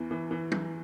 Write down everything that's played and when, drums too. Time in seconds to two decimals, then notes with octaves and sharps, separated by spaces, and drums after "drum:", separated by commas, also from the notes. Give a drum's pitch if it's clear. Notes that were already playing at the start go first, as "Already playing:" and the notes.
Already playing: E2 E3
0.11 E3
0.31 E3
0.52 E3, drum: tom